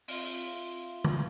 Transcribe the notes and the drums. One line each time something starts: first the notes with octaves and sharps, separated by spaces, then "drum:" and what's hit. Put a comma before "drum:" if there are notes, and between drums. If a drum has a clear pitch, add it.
C4 F4 E5 F5 C6, drum: open hi-hat
drum: tom